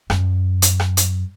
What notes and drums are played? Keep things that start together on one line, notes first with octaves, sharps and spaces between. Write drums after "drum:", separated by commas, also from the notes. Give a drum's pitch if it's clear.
F#2, drum: rim click
drum: hi-hat
drum: rim click
drum: hi-hat